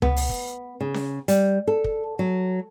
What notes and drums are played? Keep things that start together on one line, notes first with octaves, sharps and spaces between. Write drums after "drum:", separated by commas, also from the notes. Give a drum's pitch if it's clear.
B3, drum: tom C#2
drum: open hi-hat
drum: kick
C#3
drum: snare C#4
G3, drum: hi-hat
A4
drum: kick
F#3